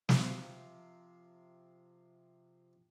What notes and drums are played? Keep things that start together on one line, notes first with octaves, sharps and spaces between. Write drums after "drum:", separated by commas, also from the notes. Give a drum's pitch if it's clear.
C3 F3 C4, drum: snare